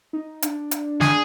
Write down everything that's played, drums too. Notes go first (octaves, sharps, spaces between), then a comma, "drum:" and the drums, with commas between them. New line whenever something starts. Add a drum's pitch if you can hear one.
D#4
D4, drum: hi-hat
drum: hi-hat
G#4, drum: snare